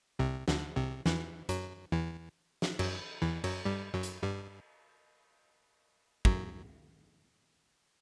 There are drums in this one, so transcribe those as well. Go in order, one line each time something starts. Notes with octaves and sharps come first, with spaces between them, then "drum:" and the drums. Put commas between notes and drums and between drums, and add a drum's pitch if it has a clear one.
C2 C3
D2 D3, drum: snare
C2 C3
E2 E3, drum: snare
F#2 F#3, drum: hi-hat
E2 E3
drum: snare
F#2 F#3, drum: cymbal
E2 E3
F#2 F#3, drum: cymbal
G2 G3
F#2 F#3
drum: hi-hat
G2 G3
F#2 F#3, drum: kick